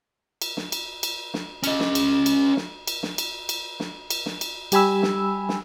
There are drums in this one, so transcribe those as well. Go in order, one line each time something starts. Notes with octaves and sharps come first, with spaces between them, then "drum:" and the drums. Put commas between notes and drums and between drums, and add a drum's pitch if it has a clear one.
drum: cymbal
drum: snare
drum: cymbal
drum: cymbal
drum: snare
C#4 D#5, drum: cymbal
drum: snare
drum: cymbal
drum: cymbal
drum: snare
drum: cymbal
drum: snare
drum: cymbal
drum: cymbal
drum: snare
drum: cymbal
drum: snare
drum: cymbal
G3 G4 G#5 B5 E6, drum: cymbal
drum: snare
drum: snare